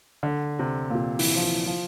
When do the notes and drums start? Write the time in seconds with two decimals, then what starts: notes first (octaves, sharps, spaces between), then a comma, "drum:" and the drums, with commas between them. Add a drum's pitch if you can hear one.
0.23 D3
0.59 C3
0.90 A#2
0.95 C3
1.19 E3, drum: open hi-hat
1.36 F3
1.43 E3
1.67 F3